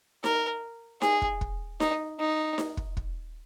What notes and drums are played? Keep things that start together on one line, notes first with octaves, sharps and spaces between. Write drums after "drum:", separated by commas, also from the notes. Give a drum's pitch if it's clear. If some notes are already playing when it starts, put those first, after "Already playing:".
A#4, drum: snare D#4
G#4, drum: snare D#4
drum: kick
drum: kick
D#4, drum: snare D#4
D#4
drum: snare D#4
drum: kick
drum: kick